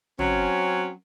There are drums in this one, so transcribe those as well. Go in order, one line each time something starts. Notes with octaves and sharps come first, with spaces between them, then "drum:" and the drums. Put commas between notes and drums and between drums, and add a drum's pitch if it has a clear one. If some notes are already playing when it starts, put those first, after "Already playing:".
F#3 C4 C#4, drum: tom